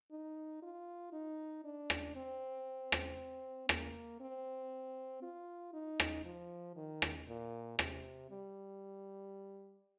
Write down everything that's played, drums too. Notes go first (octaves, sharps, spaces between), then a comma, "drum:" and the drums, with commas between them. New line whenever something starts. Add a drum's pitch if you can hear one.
D#4
F4
D#4
D4
drum: rim click
C4
drum: rim click
A#3, drum: rim click
C4
F4
D#4
drum: rim click
F3
D#3
drum: rim click
A#2
C3, drum: rim click
G3